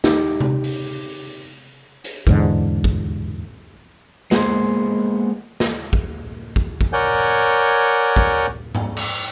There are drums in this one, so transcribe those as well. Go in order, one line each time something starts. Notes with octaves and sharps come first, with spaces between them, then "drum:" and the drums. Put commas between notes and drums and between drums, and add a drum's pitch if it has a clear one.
D#4 G4, drum: snare
drum: tom C3
drum: open hi-hat
drum: hi-hat
E2 G#2 D3, drum: kick
drum: kick
G#3 A#3 B3 G#4 C5, drum: snare
drum: snare
drum: kick
drum: kick
drum: kick
A#4 C#5 D5 F#5 G#5 G6
drum: kick
drum: tom G#2
drum: cymbal